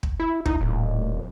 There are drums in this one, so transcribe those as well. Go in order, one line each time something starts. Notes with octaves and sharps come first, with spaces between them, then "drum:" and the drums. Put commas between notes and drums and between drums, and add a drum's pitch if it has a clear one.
drum: kick
E4
D#4 E4, drum: kick
D#1 A2
F2